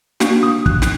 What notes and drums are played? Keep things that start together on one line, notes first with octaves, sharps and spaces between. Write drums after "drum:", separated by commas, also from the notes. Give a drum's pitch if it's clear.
A#3 D4 F#4, drum: snare
D#6
F#6, drum: kick
drum: snare